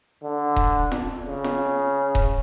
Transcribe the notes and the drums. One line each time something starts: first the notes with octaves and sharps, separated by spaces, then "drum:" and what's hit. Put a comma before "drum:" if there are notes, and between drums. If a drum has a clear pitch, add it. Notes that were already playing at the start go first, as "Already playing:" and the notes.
D3
drum: kick D#1
drum: snare F4
C#3
drum: snare F4
drum: kick D#1